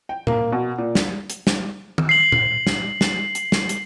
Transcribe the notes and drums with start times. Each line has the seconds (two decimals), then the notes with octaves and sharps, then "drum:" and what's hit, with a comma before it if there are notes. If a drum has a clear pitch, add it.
0.09 G5
0.27 A#3, drum: tom A#2
0.52 B2
0.78 A#2
0.95 drum: snare
1.30 drum: hi-hat
1.47 drum: snare
1.98 drum: tom D#3
2.09 C7 F#7
2.32 drum: tom A#2
2.67 drum: snare
3.01 drum: snare
3.35 drum: hi-hat
3.52 drum: snare
3.69 drum: hi-hat